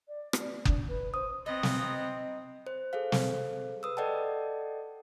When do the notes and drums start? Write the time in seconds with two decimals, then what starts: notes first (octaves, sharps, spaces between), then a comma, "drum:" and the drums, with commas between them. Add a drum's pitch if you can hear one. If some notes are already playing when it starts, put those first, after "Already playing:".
0.08 D5
0.33 drum: rim click
0.65 D4, drum: kick F#1
0.88 B4
1.14 C5 D#6
1.46 B3 C4 D#4 D#5
1.63 drum: snare
2.67 C5
2.93 G#4 A4 C5 F5
3.12 drum: snare
3.83 B4 D#6 E6
3.97 A4 D5 D#5 F#5 G5 A5